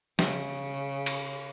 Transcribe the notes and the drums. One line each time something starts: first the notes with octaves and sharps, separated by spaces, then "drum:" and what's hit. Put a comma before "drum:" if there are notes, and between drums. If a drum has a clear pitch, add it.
C#3, drum: snare
drum: cymbal